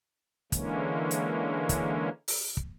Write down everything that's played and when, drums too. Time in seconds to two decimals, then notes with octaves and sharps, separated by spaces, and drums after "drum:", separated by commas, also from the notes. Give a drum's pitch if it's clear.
0.52 D3 E3 G#3 A#3 C#4, drum: kick, hi-hat
1.11 drum: hi-hat
1.69 drum: kick, hi-hat
2.28 drum: open hi-hat
2.57 drum: kick